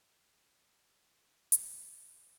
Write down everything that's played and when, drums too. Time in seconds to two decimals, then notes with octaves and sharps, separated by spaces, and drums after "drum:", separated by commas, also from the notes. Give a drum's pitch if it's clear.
0.20 F6 F#6
1.52 drum: hi-hat